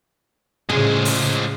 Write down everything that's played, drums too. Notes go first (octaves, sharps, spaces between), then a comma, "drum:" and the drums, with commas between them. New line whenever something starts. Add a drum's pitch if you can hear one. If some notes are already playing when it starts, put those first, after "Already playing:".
A2 C#3 F3 G#3 G#4
drum: open hi-hat